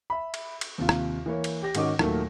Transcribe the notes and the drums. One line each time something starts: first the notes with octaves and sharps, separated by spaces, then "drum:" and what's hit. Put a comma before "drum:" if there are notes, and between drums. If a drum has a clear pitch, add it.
E5 B5
drum: cymbal
drum: cymbal
D#2 C3 F4
drum: rim click
E3 A#3 C#5
drum: cymbal
G4 A#6
G#2 D#3 C#4 F#4 D#5 D6, drum: cymbal
D#2 A#2 D#3 F#3 A3 A#3, drum: rim click